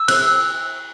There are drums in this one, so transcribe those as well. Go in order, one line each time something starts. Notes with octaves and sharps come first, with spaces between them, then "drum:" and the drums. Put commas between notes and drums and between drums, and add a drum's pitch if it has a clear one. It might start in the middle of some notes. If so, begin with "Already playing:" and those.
Already playing: E6
F#6, drum: cymbal